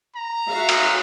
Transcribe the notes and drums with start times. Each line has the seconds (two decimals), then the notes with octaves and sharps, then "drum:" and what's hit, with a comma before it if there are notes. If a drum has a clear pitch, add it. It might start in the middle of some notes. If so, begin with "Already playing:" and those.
0.16 A#5
0.50 F#4 E5 F5
0.69 drum: cymbal